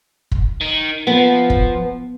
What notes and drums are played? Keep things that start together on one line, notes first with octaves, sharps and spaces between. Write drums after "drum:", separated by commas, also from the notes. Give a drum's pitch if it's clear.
drum: kick
D#3
F3 B3
drum: kick